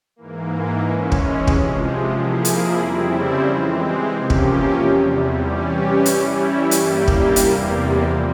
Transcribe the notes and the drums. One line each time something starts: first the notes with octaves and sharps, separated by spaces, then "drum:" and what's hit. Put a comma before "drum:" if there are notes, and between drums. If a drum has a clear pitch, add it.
G#2 E3 A#3
E3 G#3 C#4
drum: kick
C3 F3 G#3, drum: kick
F3 A#3 E4 G#4
drum: hi-hat
F2 C#3 G3 C4 E4
E3 G#3 C4
C3 F3 A#3 C#4 G4
drum: kick
E2 C3 G3
E3 G3 C#4 G4
E3 G3 C#4 E4, drum: hi-hat
G2 G3 A#3 E4 G4, drum: hi-hat
drum: kick
E2 C3 G3 A#3, drum: hi-hat
F3 C4